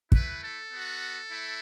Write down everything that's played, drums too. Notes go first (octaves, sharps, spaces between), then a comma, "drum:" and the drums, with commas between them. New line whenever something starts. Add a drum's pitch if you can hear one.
A3 E4 B4, drum: kick
A4
B3 F#4
A3 E4